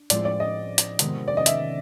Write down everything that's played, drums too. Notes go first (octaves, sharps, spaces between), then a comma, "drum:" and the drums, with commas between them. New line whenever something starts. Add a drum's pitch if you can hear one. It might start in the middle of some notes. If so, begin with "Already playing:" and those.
Already playing: D4
A2 F3 G#3 C4 F4 D5, drum: hi-hat
D5
D#5
drum: hi-hat
C3 D#3 G#3 B3, drum: hi-hat
D5
D#5
E5, drum: hi-hat